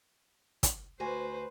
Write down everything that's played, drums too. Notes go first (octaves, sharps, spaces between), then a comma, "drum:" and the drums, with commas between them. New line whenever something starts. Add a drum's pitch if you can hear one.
drum: kick, hi-hat
D2 F#4 B4 C5 G#5